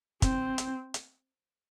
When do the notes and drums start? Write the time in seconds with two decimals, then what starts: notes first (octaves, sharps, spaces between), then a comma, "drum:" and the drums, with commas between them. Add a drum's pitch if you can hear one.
0.22 C4, drum: kick, hi-hat
0.58 drum: hi-hat
0.94 drum: hi-hat